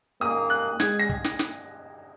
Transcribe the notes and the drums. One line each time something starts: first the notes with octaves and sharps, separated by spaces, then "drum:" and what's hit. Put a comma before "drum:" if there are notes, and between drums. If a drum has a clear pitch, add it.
A#3 D#6
F#6
G#3 G#6, drum: snare
A#6
drum: kick
drum: snare
drum: snare